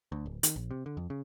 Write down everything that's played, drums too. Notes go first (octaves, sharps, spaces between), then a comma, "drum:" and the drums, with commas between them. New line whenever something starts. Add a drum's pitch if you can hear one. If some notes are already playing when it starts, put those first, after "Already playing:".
D2
D1
D#3, drum: hi-hat
A#1
C3
D3
F2
C#3